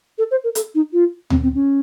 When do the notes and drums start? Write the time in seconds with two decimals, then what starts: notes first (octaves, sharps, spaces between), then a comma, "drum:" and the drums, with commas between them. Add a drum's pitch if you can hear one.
0.18 A4
0.31 C5
0.44 A#4
0.55 A4, drum: hi-hat
0.75 D#4
0.93 F4
1.30 C4, drum: tom D2
1.43 C4
1.55 C#4